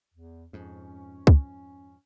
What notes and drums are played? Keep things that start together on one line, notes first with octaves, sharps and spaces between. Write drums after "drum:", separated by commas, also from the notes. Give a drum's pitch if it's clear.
E2
F2 G#2 C#4
drum: kick C#2